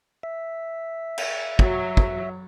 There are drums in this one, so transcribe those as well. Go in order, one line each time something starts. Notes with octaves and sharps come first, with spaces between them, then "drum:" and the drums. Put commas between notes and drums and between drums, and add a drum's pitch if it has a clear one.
E5
drum: cymbal
F#3, drum: kick
drum: kick